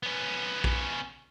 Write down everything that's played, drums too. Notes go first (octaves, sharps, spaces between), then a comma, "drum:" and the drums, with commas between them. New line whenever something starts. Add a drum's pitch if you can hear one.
B3 C#4
drum: kick